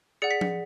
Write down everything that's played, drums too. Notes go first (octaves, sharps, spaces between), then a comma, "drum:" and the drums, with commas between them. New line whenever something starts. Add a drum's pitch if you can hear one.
G#4 D5 F#5 C#7
B6
B6, drum: tom F3